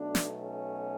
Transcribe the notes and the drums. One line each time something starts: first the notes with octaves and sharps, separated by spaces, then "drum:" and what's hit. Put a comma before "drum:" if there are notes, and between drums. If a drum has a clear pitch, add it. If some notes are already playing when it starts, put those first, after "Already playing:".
Already playing: B1 B2 A3 D4
drum: snare
C#4